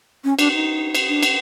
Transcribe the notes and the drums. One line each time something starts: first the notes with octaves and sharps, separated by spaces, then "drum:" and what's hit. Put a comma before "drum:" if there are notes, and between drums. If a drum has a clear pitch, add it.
C#4
D4, drum: cymbal
D#4
drum: cymbal
D4
drum: cymbal